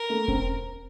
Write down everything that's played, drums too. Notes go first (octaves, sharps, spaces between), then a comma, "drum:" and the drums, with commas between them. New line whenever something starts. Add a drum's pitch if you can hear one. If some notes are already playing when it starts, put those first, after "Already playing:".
Already playing: A#4
A3
C4, drum: kick E1